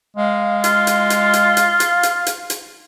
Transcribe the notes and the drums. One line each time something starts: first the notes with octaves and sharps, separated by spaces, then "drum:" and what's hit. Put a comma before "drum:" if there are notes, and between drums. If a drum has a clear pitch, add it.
G#3 F5
F4, drum: hi-hat
drum: hi-hat
drum: hi-hat
drum: hi-hat
drum: hi-hat
drum: hi-hat
drum: hi-hat
drum: hi-hat
drum: hi-hat